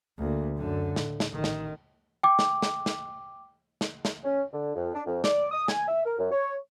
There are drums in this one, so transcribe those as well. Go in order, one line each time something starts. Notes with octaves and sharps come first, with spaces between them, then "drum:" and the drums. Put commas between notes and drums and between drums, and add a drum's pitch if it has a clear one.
D2 A#3
F#2 D3
A2, drum: snare
drum: snare
A1 D#3
drum: snare
G5 D6
drum: snare
drum: snare
drum: snare
drum: snare
drum: snare
C#4
D3
F2
D4
F2
D5, drum: snare
D#6
G#5, drum: snare
E5
A#4
F#2
C#5